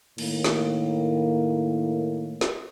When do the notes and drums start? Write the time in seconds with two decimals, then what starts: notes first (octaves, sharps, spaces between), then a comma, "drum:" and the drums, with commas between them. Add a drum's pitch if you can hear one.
0.18 A2 D#3 A#3, drum: cymbal
0.44 drum: snare
2.41 drum: snare